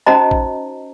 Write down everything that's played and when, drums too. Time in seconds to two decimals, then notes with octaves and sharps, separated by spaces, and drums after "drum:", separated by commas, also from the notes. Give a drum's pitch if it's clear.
0.06 C#4 D#4 F#4 C5 D#5 A#5
0.31 drum: kick